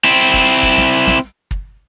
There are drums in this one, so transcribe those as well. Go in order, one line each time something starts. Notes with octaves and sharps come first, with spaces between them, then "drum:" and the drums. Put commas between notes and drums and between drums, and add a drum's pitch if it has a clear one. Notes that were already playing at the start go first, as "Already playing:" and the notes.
C4 E4
drum: kick
drum: kick
drum: snare
drum: snare
drum: kick